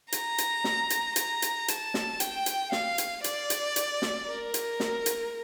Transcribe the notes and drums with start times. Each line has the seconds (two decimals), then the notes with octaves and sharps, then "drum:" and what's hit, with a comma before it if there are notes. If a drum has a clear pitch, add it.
0.12 A#5, drum: hi-hat
0.38 drum: hi-hat
0.64 drum: snare
0.90 drum: hi-hat
1.16 A#5, drum: hi-hat
1.42 drum: hi-hat
1.68 A5, drum: hi-hat
1.94 drum: snare
2.20 G5, drum: hi-hat
2.46 drum: hi-hat
2.72 F5, drum: snare
2.98 drum: hi-hat
3.24 D5, drum: hi-hat
3.50 drum: hi-hat
3.76 drum: hi-hat
4.02 drum: snare
4.28 A#4
4.54 drum: hi-hat
4.80 drum: snare
5.06 drum: hi-hat